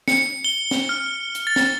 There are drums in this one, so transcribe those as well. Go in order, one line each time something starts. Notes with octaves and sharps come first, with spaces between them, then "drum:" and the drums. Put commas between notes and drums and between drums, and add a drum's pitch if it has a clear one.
C#7, drum: snare
G7
drum: snare
F6
drum: hi-hat
A6
drum: snare